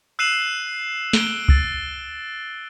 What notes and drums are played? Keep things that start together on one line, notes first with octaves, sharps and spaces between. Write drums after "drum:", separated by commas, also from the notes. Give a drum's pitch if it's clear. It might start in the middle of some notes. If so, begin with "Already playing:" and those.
E6 F#6 C7 D#7 E7 F#7
D7 G7, drum: snare
E6 A6, drum: kick C2